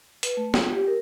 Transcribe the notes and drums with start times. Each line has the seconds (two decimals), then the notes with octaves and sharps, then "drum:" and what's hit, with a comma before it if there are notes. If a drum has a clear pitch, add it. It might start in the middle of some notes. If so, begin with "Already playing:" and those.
0.23 B4, drum: hi-hat
0.37 A3
0.54 F4, drum: snare
0.73 G4
0.87 A#4